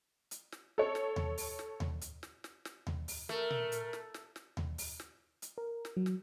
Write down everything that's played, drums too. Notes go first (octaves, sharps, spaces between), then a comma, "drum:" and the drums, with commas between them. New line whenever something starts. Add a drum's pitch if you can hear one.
drum: hi-hat
drum: snare
A4 C#5
drum: snare
drum: tom D#2
drum: open hi-hat
drum: snare
drum: tom D#2
drum: hi-hat
drum: snare
drum: snare
drum: snare
drum: tom D#2
drum: open hi-hat
A3 A#4, drum: snare
drum: tom A#2
drum: hi-hat
drum: snare
drum: snare
drum: snare
drum: tom D#2
drum: open hi-hat
drum: snare
drum: hi-hat
A#4
drum: snare
F#3
drum: snare